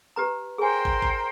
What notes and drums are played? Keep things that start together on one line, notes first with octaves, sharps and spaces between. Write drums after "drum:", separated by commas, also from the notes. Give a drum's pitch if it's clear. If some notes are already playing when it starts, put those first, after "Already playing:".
G4 B4 A#5
G#4 A#4 C5 G5 G#5
drum: kick
drum: kick